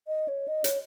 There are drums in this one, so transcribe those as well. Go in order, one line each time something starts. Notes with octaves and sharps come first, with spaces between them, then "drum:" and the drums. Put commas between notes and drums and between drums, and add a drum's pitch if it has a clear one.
D#5
C#5
D#5
C#5, drum: hi-hat